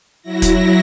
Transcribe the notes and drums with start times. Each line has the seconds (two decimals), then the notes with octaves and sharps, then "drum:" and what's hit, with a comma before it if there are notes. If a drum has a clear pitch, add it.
0.22 F#3 E4 A#6
0.42 drum: kick, hi-hat